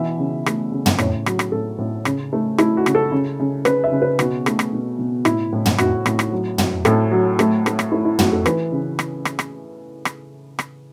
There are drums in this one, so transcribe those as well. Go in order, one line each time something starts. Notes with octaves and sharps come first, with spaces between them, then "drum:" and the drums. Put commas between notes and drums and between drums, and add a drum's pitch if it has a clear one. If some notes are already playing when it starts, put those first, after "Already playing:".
Already playing: B2 E3 E5
C#3
A3, drum: rim click
C#3
drum: tom
A2 C#5, drum: rim click
F#3, drum: rim click
drum: rim click
A2 A4
A2
C#3, drum: rim click
A3
A3 E4, drum: rim click
F#4
C#3, drum: rim click
A4
C#3
C#3
C#3 B4, drum: rim click
E5
C#3
B4
B2 F#4, drum: rim click
A3, drum: rim click
drum: rim click
B2
B2
A2 E4, drum: rim click
A2
drum: tom
A2 F#4, drum: rim click
A2, drum: rim click
drum: rim click
F#3
F#3, drum: tom
A2 A4, drum: rim click
F#3
A3, drum: rim click
A3, drum: rim click
drum: rim click
A3 E4
E4
A3 F#4, drum: tom
A4
E3 B4, drum: rim click
C#3
drum: rim click
drum: rim click
drum: rim click
drum: rim click
drum: rim click